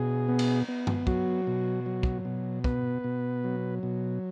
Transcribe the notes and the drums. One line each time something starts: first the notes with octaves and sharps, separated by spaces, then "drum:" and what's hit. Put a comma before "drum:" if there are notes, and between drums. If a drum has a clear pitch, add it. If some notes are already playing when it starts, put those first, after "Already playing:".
Already playing: B2 G#4
B3
drum: cymbal
B3
drum: tom G2
F#3 F#4, drum: kick
B2
F#3
drum: kick
B2
B3 B4, drum: kick
B2
F#3
B2